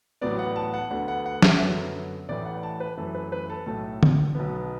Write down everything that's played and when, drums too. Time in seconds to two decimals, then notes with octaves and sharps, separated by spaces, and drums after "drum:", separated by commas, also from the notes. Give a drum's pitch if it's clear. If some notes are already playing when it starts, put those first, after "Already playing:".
0.21 A1 A2 F#3 B3 D5
0.39 F#5
0.56 A5
0.74 F#5
0.91 D2 D3 B3 F#5
1.08 F#5
1.26 F#5
1.42 E5, drum: snare
1.59 F#2 D3 F#3 B3
2.29 A1 A2 E3 A3 D5
2.45 F#5
2.63 A5
2.80 B4
2.97 F#2 E3 A3 A4
3.15 B4
3.32 B4
3.50 A4
3.66 B1 A2 A3 A4
4.03 drum: tom D3
4.35 B1 B2 B3